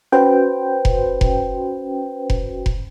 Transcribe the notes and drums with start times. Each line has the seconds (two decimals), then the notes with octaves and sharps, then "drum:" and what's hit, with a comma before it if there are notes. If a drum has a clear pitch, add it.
0.12 C#4 F#4 B4 C5 G5
0.85 drum: kick F1
1.21 drum: kick F1
2.30 drum: kick F1
2.66 drum: kick F1